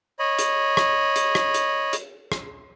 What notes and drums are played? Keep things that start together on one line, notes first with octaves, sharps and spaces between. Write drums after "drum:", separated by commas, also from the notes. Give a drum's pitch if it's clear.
C#5 D#5 B5
drum: hi-hat
drum: rim click
drum: hi-hat
drum: rim click
drum: hi-hat
drum: hi-hat
drum: rim click